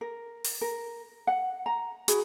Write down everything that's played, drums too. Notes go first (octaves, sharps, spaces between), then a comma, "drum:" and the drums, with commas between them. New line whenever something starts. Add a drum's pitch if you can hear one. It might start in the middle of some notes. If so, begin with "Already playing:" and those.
A#4
drum: open hi-hat
A#4
F#5
A#5
F#4 G#4 B5, drum: hi-hat